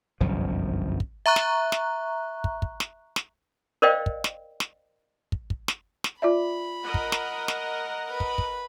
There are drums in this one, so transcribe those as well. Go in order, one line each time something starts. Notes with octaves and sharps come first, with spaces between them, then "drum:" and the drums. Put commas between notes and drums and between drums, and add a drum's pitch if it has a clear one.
G1 C2 F#2 F3
drum: kick
E5 A#5 C#6 F#6
drum: snare
drum: snare
drum: kick
drum: kick
drum: snare
drum: snare
A#4 C5 D5 D#5 F5 G5
drum: kick
drum: snare
drum: snare
drum: kick
drum: kick
drum: snare
drum: snare
F4 D5 E5 B5
A#4 D#5 F#5
drum: kick
drum: snare
drum: snare
B4 B5
drum: kick
drum: kick